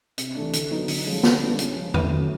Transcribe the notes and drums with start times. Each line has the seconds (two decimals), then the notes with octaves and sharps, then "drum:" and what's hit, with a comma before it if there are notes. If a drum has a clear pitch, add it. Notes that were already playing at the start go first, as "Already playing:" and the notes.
0.18 C3, drum: hi-hat
0.35 E3 A3 D4
0.53 D3, drum: hi-hat
0.71 F#3 B3 D#4
0.88 D3, drum: open hi-hat
1.06 F3 G#3 C#4
1.23 D3, drum: snare
1.42 G3 B3 D4 F4
1.59 C#3, drum: hi-hat
1.76 F3 G#3
1.94 A2, drum: tom E2
2.11 F#3 A3 C#4